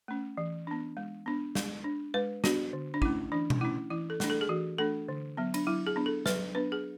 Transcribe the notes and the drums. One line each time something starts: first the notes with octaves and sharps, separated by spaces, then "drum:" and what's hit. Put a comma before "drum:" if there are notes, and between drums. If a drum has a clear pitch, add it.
A3 C#4
E3
B3 D4
G#3
B3 D4
G#3, drum: snare
D4
G#3 B4
B3 D4 F#4, drum: snare
D3
D4
A3 C#4 E4, drum: kick
E3 D4
drum: tom B2
A3 C#4 E4
E3 E4
A4
A3 D4, drum: snare
A4
G#4
E3 F#4
A3 D4 A4
D3
F#3 B3
D4, drum: cymbal
F#3 E4
G#4
B3 D4
A4
F#3 B4, drum: snare
B3 D4 B4
G#4